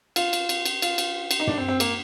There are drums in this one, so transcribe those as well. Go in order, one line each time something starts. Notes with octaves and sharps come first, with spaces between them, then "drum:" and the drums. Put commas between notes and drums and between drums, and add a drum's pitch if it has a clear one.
F4, drum: cymbal
drum: cymbal
drum: cymbal
drum: cymbal
F4, drum: cymbal
drum: cymbal
drum: cymbal
D#4
D4, drum: tom
C4
C4
A#3, drum: cymbal